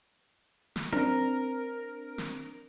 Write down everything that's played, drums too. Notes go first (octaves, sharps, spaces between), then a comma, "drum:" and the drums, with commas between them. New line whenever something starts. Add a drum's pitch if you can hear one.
drum: snare
C4 D4 A#4, drum: tom C#4
drum: snare